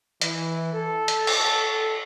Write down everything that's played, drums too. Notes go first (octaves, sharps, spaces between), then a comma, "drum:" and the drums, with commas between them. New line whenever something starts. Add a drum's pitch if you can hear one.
E3, drum: hi-hat
A4
drum: hi-hat
drum: cymbal